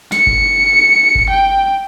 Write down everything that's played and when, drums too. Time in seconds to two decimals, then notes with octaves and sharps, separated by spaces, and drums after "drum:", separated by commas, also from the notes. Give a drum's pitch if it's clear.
0.12 C#7, drum: snare
0.27 drum: kick G1
1.15 drum: kick G1
1.31 G5